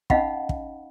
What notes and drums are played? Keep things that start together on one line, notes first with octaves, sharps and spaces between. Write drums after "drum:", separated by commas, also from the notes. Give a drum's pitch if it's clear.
C#4 D#4 D#5 F5 F#5 B5, drum: kick
drum: kick